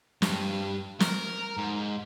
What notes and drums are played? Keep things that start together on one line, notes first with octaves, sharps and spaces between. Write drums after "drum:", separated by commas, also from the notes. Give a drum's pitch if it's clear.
G2, drum: snare
A#4, drum: snare
G#2